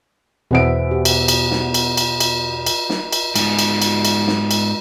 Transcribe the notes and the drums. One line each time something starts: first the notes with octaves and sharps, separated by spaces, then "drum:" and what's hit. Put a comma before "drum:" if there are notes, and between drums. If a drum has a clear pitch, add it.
E2 B2 B3 C5 E5 D7
G4
drum: cymbal
drum: cymbal
drum: snare
drum: cymbal
drum: cymbal
drum: cymbal
drum: cymbal
drum: snare
drum: cymbal
G#2 B3, drum: cymbal
drum: cymbal
drum: cymbal
drum: cymbal
drum: snare
drum: cymbal